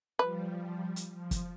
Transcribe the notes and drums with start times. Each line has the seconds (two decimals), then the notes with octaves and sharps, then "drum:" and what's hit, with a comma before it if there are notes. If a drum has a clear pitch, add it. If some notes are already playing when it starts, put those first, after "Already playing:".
0.19 F3 G3 B4
0.96 drum: hi-hat
1.14 F3
1.31 drum: kick, hi-hat